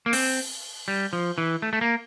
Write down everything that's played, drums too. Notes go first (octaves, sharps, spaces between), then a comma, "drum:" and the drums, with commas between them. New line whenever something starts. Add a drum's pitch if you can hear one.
A#3
C4, drum: open hi-hat
G3
F3
E3
A3
A3
A#3